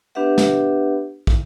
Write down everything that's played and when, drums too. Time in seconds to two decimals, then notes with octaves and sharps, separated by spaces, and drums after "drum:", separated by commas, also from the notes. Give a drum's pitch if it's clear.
0.15 B3 D4 G4 B4 E5 F#5
0.38 drum: snare
1.27 drum: kick